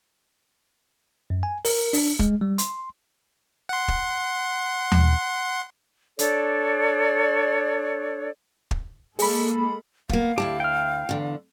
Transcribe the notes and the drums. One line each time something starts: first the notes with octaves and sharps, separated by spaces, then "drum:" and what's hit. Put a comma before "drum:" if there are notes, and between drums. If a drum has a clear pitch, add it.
F#2
G#5
A#4, drum: open hi-hat
D4, drum: open hi-hat
G#3, drum: kick
G3
C6, drum: hi-hat
F#5 C6
drum: kick
drum: tom D#2
D4 A4 C#5 D5, drum: hi-hat
drum: kick
G#3 A#3 G#4 A4 B5, drum: open hi-hat
A#3 B3 F5, drum: kick
D2 E4 G4 A5
G5 F6
E2 D3